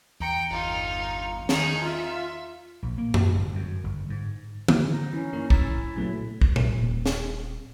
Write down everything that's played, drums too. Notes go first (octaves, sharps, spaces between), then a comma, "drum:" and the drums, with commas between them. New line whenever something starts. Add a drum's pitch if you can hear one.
E2 G5 A#5 C#7
G1 D#4 F4
D#3 D#4 G#4, drum: snare
F4 E5
A#1
A#3
drum: tom F#2
G1
F#2
G1
G#2
drum: tom D3
D#4
E3 C#4
G2 A#3 C7
E4 E6 A6, drum: kick
A#2 C#3 F#3 A3 B3
drum: kick
drum: tom A#2
D#1 F4
drum: snare